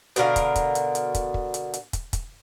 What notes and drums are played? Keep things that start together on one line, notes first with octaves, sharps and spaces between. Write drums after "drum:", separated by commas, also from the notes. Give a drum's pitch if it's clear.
B2 D3 A#4 F5, drum: hi-hat
drum: kick, hi-hat
drum: kick, hi-hat
drum: hi-hat
drum: hi-hat
drum: kick, hi-hat
drum: kick
drum: hi-hat
drum: hi-hat
drum: kick, hi-hat
drum: kick, hi-hat